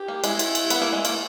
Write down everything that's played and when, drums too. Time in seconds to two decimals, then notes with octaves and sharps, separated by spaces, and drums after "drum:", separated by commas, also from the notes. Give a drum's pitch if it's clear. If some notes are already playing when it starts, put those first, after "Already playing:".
Already playing: G4
0.08 A#3
0.24 G#3 E4, drum: cymbal
0.39 drum: cymbal
0.55 drum: cymbal
0.70 B3, drum: cymbal
0.82 A#3
0.93 G#3
1.05 A#3, drum: cymbal